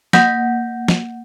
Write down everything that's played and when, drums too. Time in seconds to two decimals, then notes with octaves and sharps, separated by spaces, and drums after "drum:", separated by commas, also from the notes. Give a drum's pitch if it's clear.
0.13 A#3 F#5 G6 A#6, drum: snare
0.88 drum: snare